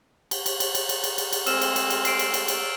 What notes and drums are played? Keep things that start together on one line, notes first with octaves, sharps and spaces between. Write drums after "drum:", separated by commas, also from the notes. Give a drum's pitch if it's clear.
drum: cymbal
drum: cymbal
drum: cymbal
drum: cymbal
drum: cymbal
drum: cymbal
drum: cymbal
drum: cymbal
G#3 A3 C4 E6 F6 E7, drum: cymbal
drum: cymbal
drum: cymbal
drum: cymbal
C7 D7, drum: cymbal
drum: cymbal
drum: cymbal
drum: cymbal